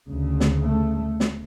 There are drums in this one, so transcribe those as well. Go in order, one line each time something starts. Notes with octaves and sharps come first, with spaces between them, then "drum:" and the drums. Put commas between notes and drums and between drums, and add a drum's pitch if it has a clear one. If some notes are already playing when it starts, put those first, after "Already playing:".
D2 C#3
drum: snare
A3
drum: snare